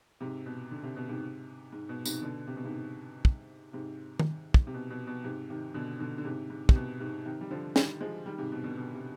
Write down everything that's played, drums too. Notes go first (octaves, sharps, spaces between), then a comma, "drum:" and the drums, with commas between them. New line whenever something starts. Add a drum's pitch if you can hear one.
G#2 C3
B2
D3
C3
B2
G#2 C3
G#2
B2
G#2 C3, drum: tambourine
B2 D3
C3
B2
G#2 C3
drum: kick
G#2 C3
drum: tom D#3
drum: kick
C3
B2
B2
B2
G#2 C3
C3 D#3
B2 D3
B2 D3
D3
G#2 C3
G#2
C3, drum: kick
B2
G#2 C3
C3 D#3
G3
D3 F3
D#3 G3, drum: snare
F3 G#3
D#3 G3
G#2 C3
B2
B2 D3
B2
C3